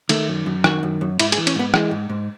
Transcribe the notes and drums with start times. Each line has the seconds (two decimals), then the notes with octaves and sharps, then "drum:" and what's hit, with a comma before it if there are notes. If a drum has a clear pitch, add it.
0.09 D#3 A3, drum: cymbal
0.28 F#2
0.46 F#2
0.64 D#3 F#4, drum: rim click
0.83 F#2
1.01 F#2
1.19 G#2 E4, drum: cymbal
1.32 G#4, drum: cymbal
1.37 E3
1.47 C#4, drum: cymbal
1.55 G#2 B3
1.74 E3 G#3, drum: rim click
1.91 G#2
2.09 G#2